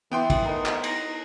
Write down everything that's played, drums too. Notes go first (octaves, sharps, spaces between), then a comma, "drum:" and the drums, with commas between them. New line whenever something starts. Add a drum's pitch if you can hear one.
E3 B3 G5 C6
drum: kick, cymbal
D#3 A3 D#4
drum: clap
D#4 A#5, drum: cymbal